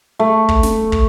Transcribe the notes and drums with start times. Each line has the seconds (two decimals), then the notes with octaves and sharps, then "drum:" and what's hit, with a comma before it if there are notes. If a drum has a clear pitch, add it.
0.19 A3
0.49 drum: kick
0.63 drum: snare
0.92 drum: kick